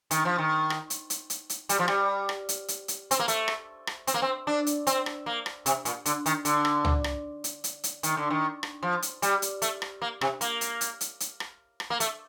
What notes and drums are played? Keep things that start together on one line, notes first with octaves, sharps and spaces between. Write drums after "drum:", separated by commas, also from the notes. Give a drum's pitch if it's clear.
D#3, drum: hi-hat
F3
D#3
drum: rim click
drum: hi-hat
drum: hi-hat
drum: hi-hat
drum: hi-hat
G3, drum: hi-hat
F3
G3, drum: rim click
drum: rim click
drum: hi-hat
drum: hi-hat
drum: hi-hat
C4, drum: hi-hat
A#3
A3, drum: hi-hat
drum: rim click
drum: rim click
C4, drum: hi-hat
A#3
C4
D4
drum: hi-hat
C4, drum: hi-hat
drum: rim click
A#3
drum: rim click
C3, drum: hi-hat
A#2, drum: hi-hat
D3, drum: hi-hat
D#3, drum: hi-hat
D3, drum: hi-hat
drum: rim click
drum: tom C#2
drum: rim click
drum: hi-hat
drum: hi-hat
drum: hi-hat
D#3, drum: hi-hat
D3
D#3
drum: rim click
F3
drum: hi-hat
G3, drum: hi-hat
drum: hi-hat
A3, drum: hi-hat
drum: rim click
A#3
C3, drum: rim click
A#3, drum: hi-hat
drum: hi-hat
drum: hi-hat
drum: hi-hat
drum: hi-hat
drum: rim click
drum: rim click
A#3
A3, drum: hi-hat